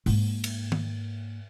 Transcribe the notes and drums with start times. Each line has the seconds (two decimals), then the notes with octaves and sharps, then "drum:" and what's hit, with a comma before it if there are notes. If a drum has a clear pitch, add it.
0.06 G#2 A#3, drum: open hi-hat
0.44 drum: cymbal
0.72 drum: tom